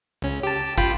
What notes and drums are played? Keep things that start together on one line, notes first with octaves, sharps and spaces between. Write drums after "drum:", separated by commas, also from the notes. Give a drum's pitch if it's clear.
C#2 C#4
G4 A5
F4 G5 B5, drum: kick